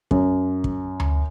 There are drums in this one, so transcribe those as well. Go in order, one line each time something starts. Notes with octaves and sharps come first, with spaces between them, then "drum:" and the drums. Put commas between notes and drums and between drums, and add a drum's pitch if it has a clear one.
F#2, drum: kick
drum: kick
drum: tom D2